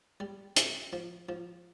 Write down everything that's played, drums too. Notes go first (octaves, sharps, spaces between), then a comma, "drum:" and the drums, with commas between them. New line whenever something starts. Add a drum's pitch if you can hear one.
G3
C3, drum: hi-hat
F3
F3